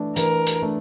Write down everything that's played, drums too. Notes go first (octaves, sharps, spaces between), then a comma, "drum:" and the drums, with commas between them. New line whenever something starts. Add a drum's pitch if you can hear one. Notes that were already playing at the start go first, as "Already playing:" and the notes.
Already playing: E3 A3 D4
E3 A#4, drum: hi-hat
drum: hi-hat
A3 D4